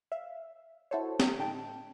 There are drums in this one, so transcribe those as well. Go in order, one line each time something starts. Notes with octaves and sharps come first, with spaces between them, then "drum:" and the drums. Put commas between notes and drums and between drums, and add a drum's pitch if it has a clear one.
E5 F5
E4 F#4 A4 C5 C#5
drum: snare C4
A2 D3 D#4 G5 A5 D7